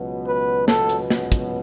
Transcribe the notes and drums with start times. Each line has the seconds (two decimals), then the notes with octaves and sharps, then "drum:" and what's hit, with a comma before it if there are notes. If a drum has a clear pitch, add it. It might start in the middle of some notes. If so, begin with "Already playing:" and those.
Already playing: C#2 B2 F#3 B3
0.26 B4
0.68 A4, drum: snare
0.89 drum: hi-hat
1.10 drum: snare
1.32 drum: kick, hi-hat